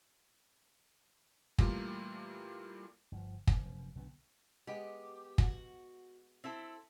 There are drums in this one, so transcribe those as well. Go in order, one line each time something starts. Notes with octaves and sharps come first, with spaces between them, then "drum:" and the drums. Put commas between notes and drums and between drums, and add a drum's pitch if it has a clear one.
A#2 E3 G3 A3 A#3 F4, drum: kick
G1 F3
F1 F#2 B2, drum: kick
B1 D3 F#3 B3
G#3 B3 G4
F#4, drum: kick
C4 E4 A4